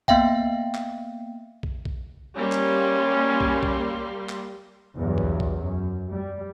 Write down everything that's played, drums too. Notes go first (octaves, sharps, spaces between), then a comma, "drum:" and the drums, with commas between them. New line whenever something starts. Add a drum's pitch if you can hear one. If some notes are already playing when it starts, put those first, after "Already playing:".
A#3 B3 E5 F5 G5, drum: kick
drum: clap
drum: kick
drum: kick
G3 A#3 C#4 C6
drum: clap
drum: kick
drum: kick
drum: clap
E2 G2 F#3
drum: kick
drum: kick
F#2
G3